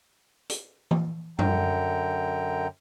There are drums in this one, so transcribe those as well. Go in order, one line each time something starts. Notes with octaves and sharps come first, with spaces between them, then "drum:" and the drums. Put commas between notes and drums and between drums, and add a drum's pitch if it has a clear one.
drum: hi-hat
drum: tom E3
F#2 D3 G5 A#5, drum: tom F#2